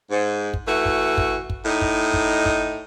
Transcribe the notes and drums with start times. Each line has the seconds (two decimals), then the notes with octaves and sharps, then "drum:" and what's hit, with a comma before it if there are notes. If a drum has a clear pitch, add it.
0.11 G#2
0.54 drum: kick
0.67 E3 A3 F#4
0.86 drum: kick
1.18 drum: kick
1.50 drum: kick
1.66 A2 D#4
1.82 drum: kick
2.14 drum: kick
2.46 drum: kick